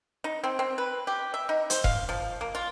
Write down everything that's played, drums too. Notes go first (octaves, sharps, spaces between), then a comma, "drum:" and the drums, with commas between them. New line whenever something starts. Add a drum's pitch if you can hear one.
D#4
C4
C4
B4
G4
E5
D#4
C5, drum: hi-hat
F5, drum: kick F1
F3
A#3
F4